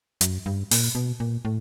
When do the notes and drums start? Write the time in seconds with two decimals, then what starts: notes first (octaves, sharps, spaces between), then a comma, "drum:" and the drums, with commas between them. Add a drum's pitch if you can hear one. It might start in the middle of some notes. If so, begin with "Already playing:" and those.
0.21 F#2, drum: hi-hat
0.46 G2
0.71 A#2, drum: open hi-hat
0.95 B2
1.20 A#2
1.45 A2